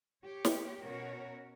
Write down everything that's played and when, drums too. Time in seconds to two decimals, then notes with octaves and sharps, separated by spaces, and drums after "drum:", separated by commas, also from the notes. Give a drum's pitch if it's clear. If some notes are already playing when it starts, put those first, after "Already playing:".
0.23 G4 C#5
0.45 drum: snare
0.81 B2 C#4 F#4 A#4 C#5